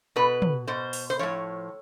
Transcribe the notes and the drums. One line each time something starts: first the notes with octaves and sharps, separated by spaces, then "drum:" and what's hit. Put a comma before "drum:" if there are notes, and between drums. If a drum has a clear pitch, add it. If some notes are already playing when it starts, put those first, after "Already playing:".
B2 B4
drum: tom
B2 C5
drum: open hi-hat
C5
A2 F3 C#5